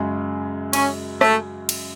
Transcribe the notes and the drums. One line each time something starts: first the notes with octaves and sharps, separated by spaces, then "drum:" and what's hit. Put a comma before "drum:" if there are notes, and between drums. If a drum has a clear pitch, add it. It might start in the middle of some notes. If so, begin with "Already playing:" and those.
Already playing: F#2 C#3 G#3
C#4, drum: cymbal
A3, drum: rim click
drum: cymbal